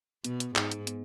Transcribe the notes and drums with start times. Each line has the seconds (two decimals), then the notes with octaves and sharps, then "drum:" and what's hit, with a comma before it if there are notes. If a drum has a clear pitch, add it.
0.24 B2 B3, drum: hi-hat
0.40 drum: hi-hat
0.56 G#2 D#4, drum: clap
0.72 drum: hi-hat
0.87 B3, drum: hi-hat